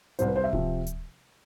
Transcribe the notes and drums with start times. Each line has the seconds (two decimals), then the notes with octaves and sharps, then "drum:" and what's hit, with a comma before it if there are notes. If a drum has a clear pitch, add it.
0.19 C2 C3 G3 C5, drum: hi-hat
0.27 B4
0.36 C5
0.44 E5
0.53 C3 F3 C4, drum: kick D1
0.87 drum: hi-hat